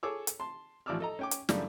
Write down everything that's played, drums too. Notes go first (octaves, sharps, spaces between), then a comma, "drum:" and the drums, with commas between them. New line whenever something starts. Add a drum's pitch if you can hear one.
G#4 A4 C#5 D6 E6
drum: hi-hat
A5 C6
A1 F3 D5 D6 E6 F6
A4 D#5 A#5
C#4 G5 D6
drum: hi-hat
F#2 C#3 E3 G3 A3 D4, drum: snare